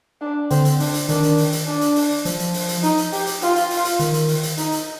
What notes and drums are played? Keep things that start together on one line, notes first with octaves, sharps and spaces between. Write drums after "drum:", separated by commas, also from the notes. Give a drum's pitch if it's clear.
D4
D3 C4, drum: hi-hat
drum: hi-hat
D4, drum: open hi-hat
drum: hi-hat
D#3 D4, drum: hi-hat
drum: hi-hat
drum: open hi-hat
drum: hi-hat
D4
drum: hi-hat
drum: open hi-hat
F3, drum: hi-hat
drum: hi-hat
drum: open hi-hat
drum: hi-hat
D#4, drum: hi-hat
drum: hi-hat
G4, drum: open hi-hat
drum: hi-hat
F4, drum: hi-hat
drum: hi-hat
drum: open hi-hat
drum: hi-hat
D#3, drum: hi-hat
drum: hi-hat
drum: open hi-hat
drum: hi-hat
D#4, drum: hi-hat
drum: hi-hat